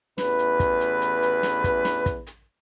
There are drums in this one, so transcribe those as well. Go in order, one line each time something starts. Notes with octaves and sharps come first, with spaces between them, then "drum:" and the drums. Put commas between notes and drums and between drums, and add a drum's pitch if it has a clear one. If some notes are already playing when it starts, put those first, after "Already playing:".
A1 E2 B4, drum: snare
drum: hi-hat
drum: kick, hi-hat
drum: hi-hat
drum: hi-hat
drum: hi-hat
drum: snare
drum: kick, hi-hat
drum: snare
drum: kick, hi-hat
drum: hi-hat